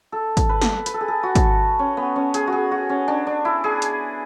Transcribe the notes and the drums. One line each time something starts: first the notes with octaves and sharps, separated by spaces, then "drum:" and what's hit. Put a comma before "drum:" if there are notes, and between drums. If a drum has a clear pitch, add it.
A4
drum: kick, hi-hat
B4
drum: snare
B4, drum: hi-hat
A4
G#4
A4
F#4
drum: kick, hi-hat
C#4
B3
C#4
G#4, drum: hi-hat
F#4
G#4
F#4
C#4
D4
D4
E4
G#4
drum: hi-hat